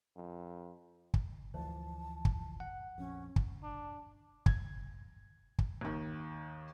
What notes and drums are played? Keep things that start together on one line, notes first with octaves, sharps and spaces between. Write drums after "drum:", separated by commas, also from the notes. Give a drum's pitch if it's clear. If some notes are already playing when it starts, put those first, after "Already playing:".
F2
drum: kick
D2 E3 F3 A5
drum: kick
F#5
A#1 F2 C#4
drum: kick
D4
G#6, drum: kick
drum: kick
D#2 D#3